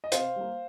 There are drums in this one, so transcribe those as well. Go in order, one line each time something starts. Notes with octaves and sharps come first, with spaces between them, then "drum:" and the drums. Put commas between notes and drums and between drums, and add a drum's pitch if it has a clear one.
D#5
C3 C5 F5, drum: hi-hat
G3 A#3